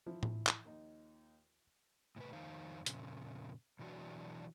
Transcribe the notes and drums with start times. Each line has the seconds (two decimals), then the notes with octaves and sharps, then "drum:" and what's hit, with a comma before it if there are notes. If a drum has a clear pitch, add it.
0.06 E3 F3 E4
0.23 drum: tom A2
0.47 drum: clap
0.65 D#2 D#4
2.16 A2 C3 B4
2.32 F2 D#3 D#4 C5 F5
2.86 F2 A#2 C#3, drum: hi-hat
3.79 B2 E3 F#3 D4 F#4